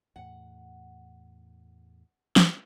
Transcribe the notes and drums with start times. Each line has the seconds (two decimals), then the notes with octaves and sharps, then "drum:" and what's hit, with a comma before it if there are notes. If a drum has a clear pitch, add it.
0.16 E2 A2 F#5
2.36 drum: snare